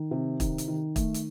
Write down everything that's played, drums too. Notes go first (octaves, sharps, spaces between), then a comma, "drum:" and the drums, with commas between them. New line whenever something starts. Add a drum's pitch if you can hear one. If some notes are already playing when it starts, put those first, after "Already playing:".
Already playing: D#3
C3
D#3, drum: kick, hi-hat
drum: hi-hat
D#3
A3, drum: kick, hi-hat
drum: hi-hat